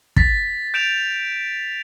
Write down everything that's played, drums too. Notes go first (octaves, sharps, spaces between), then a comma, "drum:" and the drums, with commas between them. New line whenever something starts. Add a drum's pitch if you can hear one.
A6 B6, drum: kick
G6 D7 E7 F7